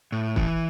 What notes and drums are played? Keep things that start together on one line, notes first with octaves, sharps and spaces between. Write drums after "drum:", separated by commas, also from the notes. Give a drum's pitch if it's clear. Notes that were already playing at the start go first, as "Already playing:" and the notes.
A2
E3, drum: kick